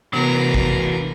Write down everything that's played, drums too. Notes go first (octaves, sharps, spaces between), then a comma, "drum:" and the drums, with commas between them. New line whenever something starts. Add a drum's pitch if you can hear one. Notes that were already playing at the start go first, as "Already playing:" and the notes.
C3 E3 B3 D4 F#4 A#4 B4
drum: kick